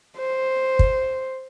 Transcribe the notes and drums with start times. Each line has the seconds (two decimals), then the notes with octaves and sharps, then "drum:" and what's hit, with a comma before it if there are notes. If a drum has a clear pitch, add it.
0.18 C5
0.79 drum: kick